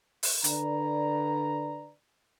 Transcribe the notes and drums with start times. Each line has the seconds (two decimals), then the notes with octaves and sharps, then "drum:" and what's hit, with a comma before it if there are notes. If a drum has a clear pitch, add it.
0.23 drum: open hi-hat
0.44 D3 B4 D5 A#5, drum: hi-hat